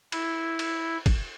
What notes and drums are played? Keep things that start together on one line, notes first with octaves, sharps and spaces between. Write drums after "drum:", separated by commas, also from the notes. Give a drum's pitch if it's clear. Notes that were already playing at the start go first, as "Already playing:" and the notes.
E4, drum: cymbal
drum: cymbal
drum: kick, cymbal